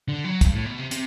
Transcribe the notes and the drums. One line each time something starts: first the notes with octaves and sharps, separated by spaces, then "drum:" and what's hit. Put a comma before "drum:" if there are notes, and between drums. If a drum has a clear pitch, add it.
D3
F#3
G2, drum: kick, hi-hat
A2
B2
C3
C3, drum: hi-hat